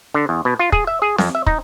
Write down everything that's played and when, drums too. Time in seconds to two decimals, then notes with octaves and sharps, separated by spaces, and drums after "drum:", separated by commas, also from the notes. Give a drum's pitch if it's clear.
0.14 D3
0.29 E2
0.45 B2
0.59 F4
0.72 G#4, drum: kick
0.87 E5
1.02 G#4
1.18 F2, drum: snare C4
1.35 E5
1.47 D#4, drum: kick